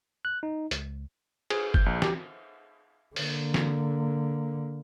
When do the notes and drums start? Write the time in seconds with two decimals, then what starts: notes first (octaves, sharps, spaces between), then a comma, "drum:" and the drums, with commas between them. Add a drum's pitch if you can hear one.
0.25 F#6
0.43 D#4
0.71 C#2, drum: hi-hat
1.50 G#4, drum: cymbal
1.74 G6, drum: kick F#1
1.86 A#1
2.02 G4, drum: snare
3.16 D3 A#3, drum: open hi-hat
3.54 drum: snare